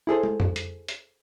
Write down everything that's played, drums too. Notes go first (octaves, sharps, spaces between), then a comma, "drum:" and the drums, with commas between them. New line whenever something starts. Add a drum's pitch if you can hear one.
E4 G#4 A4 C5
drum: tom
drum: tom F2
drum: hi-hat
drum: hi-hat